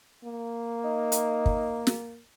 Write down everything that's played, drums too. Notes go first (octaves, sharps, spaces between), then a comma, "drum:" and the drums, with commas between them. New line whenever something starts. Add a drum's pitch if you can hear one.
A#3
D#4
drum: hi-hat
drum: kick
drum: snare